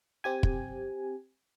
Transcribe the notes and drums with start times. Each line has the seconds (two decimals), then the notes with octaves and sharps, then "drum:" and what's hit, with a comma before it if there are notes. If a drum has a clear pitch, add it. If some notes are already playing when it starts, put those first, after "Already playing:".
0.24 C4 G4 G#5
0.43 drum: kick